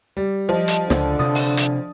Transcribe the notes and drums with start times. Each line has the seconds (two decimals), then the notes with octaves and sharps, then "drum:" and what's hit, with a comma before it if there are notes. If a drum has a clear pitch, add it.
0.17 G3
0.49 F3 D#5
0.68 drum: hi-hat
0.90 C#2 D3, drum: snare
1.19 C3 D4 D#6 A6
1.35 drum: open hi-hat
1.57 drum: hi-hat